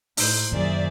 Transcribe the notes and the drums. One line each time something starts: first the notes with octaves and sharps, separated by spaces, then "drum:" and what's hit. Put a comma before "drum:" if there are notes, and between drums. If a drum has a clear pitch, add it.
A2 D#4 C5, drum: open hi-hat
F#2 A#2 D#3 G#4 D5 E5